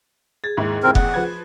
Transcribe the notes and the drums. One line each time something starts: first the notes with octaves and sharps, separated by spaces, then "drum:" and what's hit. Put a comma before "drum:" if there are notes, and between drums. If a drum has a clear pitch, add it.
G#4 A6
D#2 G#2 E4
F1 F2 A2 C4 A#4
A1 E2 F#5, drum: kick F1
F3 B4 G#6